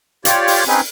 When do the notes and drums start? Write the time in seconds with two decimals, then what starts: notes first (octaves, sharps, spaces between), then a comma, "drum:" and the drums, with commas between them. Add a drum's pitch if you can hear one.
0.25 F4 G4 C#5 D5, drum: hi-hat
0.48 drum: open hi-hat
0.67 C4 C#4 D#4 G#4 B4